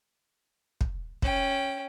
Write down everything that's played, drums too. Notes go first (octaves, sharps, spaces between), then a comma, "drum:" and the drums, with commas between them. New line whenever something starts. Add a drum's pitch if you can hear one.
drum: kick
C#4 G5, drum: kick